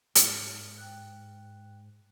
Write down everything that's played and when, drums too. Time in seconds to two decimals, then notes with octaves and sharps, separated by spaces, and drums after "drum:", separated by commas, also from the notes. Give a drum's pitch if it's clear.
0.15 G#2 D#6 F6 A6, drum: hi-hat
0.78 G5 F#6